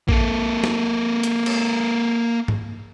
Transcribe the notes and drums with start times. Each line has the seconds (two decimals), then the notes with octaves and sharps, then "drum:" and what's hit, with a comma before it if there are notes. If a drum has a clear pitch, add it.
0.09 A#3 A4, drum: kick A1
0.64 drum: snare
1.23 drum: hi-hat
1.46 drum: cymbal
2.48 drum: tom G#2